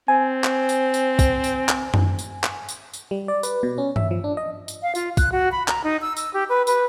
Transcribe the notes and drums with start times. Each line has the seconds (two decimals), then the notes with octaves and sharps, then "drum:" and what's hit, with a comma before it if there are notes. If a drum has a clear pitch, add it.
0.08 C4 G#5
0.44 drum: clap
0.69 drum: tambourine
0.94 drum: tambourine
1.19 drum: kick, tambourine
1.44 drum: tambourine
1.69 drum: clap
1.94 drum: tom F#2
2.19 drum: tambourine
2.44 drum: clap
2.69 drum: tambourine
2.93 drum: tambourine
3.11 G3
3.28 D5
3.43 B4, drum: tambourine
3.63 B2
3.78 C#4
3.96 E5, drum: tom G2
4.11 F3
4.24 D4
4.37 D#5
4.68 drum: tambourine
4.83 F5
4.95 F4, drum: tambourine
5.17 F#6, drum: kick, tambourine
5.32 F#4
5.52 B5
5.68 A#5, drum: clap
5.84 D#4
6.01 E6
6.17 E6, drum: tambourine
6.34 G4
6.49 B4
6.67 B4, drum: tambourine